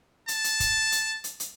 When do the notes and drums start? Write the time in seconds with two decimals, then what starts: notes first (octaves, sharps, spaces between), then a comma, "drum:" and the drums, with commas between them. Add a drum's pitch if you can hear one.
0.28 A5, drum: hi-hat
0.44 drum: hi-hat
0.60 drum: kick, hi-hat
0.92 drum: hi-hat
1.24 drum: hi-hat
1.40 drum: hi-hat